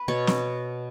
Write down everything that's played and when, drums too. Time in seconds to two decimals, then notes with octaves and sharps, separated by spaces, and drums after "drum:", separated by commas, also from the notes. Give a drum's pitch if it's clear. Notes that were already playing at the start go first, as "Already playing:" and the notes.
Already playing: B4
0.08 B2 B3 C#5
0.27 drum: snare